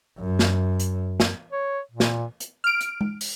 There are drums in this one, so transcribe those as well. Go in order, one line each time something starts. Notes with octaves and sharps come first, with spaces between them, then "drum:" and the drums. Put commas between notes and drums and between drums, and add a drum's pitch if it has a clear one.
F#2
drum: snare
drum: hi-hat
drum: snare
C#5
A#2
drum: snare
drum: hi-hat
F6 D7
drum: hi-hat
drum: tom G#3
drum: open hi-hat